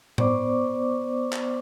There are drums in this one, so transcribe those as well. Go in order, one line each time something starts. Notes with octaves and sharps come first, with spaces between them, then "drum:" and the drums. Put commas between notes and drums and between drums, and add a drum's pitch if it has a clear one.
B3 C5 D5 C#6 D6, drum: tom A2
drum: clap